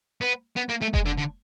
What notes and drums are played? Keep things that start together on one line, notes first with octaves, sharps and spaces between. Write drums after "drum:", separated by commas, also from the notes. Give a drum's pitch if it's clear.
B3
B3
A#3
A3
G#3, drum: kick F1
D3
D3